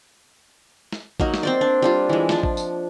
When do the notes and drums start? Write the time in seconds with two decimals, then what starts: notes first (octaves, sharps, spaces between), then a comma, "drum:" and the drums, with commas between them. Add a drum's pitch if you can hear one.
0.93 drum: snare
1.20 F#3 A#3 D#4, drum: kick A1
1.34 drum: snare
1.43 C4 C5 D5
1.61 D4
1.82 G3 D4 F4
2.09 E3 G#3
2.29 F3 D4, drum: snare
2.43 drum: kick A1
2.57 drum: tambourine